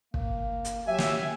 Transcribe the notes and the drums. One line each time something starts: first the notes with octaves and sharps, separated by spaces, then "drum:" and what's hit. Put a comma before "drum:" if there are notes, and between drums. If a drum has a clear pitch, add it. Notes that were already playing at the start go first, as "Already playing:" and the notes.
A#3, drum: kick
drum: hi-hat
F#3 G4 E5 G#5
drum: snare